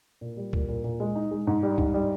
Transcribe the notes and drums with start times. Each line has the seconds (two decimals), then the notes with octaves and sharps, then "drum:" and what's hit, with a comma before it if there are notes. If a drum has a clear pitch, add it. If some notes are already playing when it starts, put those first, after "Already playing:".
0.21 A#2
0.37 G3
0.53 A#2, drum: kick C#2
0.69 A#2
0.84 A#2
1.00 G#3
1.15 D#4
1.31 G#3
1.47 G#2
1.63 G3
1.78 G#2, drum: kick C#2
1.94 G3